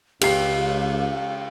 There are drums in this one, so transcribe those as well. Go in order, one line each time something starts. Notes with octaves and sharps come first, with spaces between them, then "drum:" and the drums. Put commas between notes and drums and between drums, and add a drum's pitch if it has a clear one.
C#2 G4 F5 C7, drum: cymbal